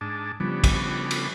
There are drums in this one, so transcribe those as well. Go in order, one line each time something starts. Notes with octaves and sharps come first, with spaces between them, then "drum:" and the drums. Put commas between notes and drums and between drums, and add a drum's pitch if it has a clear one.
G#2 D4 A5
C#3 F3 G3 B3 D4
drum: kick, cymbal
drum: cymbal